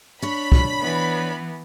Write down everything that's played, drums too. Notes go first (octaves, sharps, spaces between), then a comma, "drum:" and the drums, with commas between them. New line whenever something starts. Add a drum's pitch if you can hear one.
D4 C#5 B5
drum: kick
E3 B3